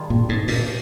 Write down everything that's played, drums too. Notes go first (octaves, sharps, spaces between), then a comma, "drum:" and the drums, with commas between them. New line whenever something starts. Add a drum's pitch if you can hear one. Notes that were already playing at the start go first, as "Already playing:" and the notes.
Already playing: D#3 G3 D4 F4 G#4
A#2
G#2
A#2, drum: open hi-hat